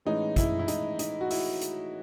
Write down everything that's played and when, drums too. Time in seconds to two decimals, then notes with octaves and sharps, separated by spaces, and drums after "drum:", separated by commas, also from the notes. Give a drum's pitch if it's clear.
0.05 A2 E3 G#3 C#4 D#4
0.36 E4, drum: kick, hi-hat
0.59 E4
0.68 D#4, drum: hi-hat
0.99 D#4, drum: hi-hat
1.21 F#4
1.31 E4, drum: open hi-hat
1.61 drum: hi-hat